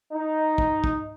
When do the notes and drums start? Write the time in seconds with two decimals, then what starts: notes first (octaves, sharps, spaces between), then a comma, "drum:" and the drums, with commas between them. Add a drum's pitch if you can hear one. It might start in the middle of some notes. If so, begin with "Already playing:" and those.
0.14 D#4
0.58 drum: kick
0.84 drum: kick